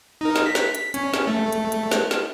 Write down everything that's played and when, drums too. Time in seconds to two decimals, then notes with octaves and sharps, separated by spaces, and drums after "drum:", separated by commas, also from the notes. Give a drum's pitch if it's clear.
0.21 D#4 A#4
0.36 drum: snare
0.46 B6
0.55 drum: snare
0.75 drum: hi-hat
0.94 C#4, drum: hi-hat
1.14 drum: snare
1.27 A3
1.53 drum: hi-hat
1.72 drum: hi-hat
1.91 drum: snare
2.11 drum: snare